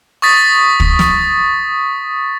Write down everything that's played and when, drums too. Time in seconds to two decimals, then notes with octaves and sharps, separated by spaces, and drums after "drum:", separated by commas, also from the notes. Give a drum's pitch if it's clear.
0.22 C#6 D#6 A6 B6
0.80 drum: kick
0.99 drum: snare